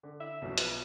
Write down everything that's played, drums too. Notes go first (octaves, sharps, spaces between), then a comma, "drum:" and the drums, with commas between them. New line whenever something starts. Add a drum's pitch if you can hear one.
D3
E5
B1 B2 F3
B4, drum: hi-hat